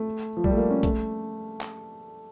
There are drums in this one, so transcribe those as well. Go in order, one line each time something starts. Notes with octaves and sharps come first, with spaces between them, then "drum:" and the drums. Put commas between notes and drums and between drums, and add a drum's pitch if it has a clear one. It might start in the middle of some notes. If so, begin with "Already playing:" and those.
Already playing: A3
F3
G3, drum: kick A#1
A3
A#3
C#4
A3, drum: kick A#1, hi-hat
drum: clap